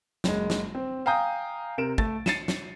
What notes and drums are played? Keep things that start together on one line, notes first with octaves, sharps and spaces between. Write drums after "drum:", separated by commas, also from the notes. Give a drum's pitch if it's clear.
F#1 G#3, drum: snare
drum: snare
C4
F5 G5 G#5 A#5 D#6 G6
C3 A#4 D7 E7
A3 A6, drum: kick
A6 C7 C#7 D#7 E7, drum: snare
drum: snare